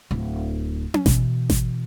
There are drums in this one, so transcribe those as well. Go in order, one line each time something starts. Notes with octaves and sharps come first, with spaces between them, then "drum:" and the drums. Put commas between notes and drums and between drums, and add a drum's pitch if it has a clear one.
D1
drum: tom C#4
B2 E3, drum: snare G#1
drum: snare G#1